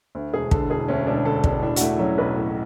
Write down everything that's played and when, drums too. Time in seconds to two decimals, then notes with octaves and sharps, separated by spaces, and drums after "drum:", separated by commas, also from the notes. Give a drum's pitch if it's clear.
0.15 D2
0.33 E1 G#4
0.51 D3 A4, drum: kick
0.70 E1 G#4
0.88 D2 C#4
1.07 E1 D4
1.25 D3 A4
1.44 E1 D4, drum: kick
1.62 A2 D4
1.76 F#4, drum: hi-hat
1.81 A3 E4
1.99 F#3 C#4
2.18 B1 B4
2.36 A2 C#5